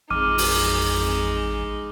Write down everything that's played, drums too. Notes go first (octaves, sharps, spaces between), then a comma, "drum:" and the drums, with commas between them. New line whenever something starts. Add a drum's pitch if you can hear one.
A1 F2 G#3 D#4 D6 F6 D#7
drum: open hi-hat